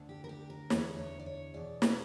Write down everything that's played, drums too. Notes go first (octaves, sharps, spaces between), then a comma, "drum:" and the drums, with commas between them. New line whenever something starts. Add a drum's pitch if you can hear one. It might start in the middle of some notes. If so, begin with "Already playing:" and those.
Already playing: D2 D3
G4
A#4
G4
A#4
E2 D3 C#5, drum: snare
C#5
D5
C#5
E2 B2 D5
drum: snare